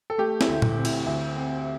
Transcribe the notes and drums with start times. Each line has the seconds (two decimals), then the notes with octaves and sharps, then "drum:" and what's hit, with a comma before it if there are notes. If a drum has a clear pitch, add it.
0.10 A4
0.18 A3 G4
0.41 E4, drum: snare
0.48 D2
0.62 drum: tom
0.77 C4
0.85 E4, drum: cymbal
1.06 D2
1.35 C4